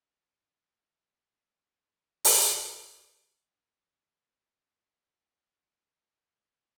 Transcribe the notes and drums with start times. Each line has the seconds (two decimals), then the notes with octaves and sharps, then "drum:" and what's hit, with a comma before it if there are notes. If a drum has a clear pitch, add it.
0.56 G#2 D#3 F3 D4
0.68 C#3 D#5
0.91 D4 F4 B4 D5
1.07 A#2
1.24 C#3
1.69 A#2 G#3
2.25 drum: open hi-hat
3.78 D#4 G4 C#5
4.60 A3 A#4
5.99 A4 D6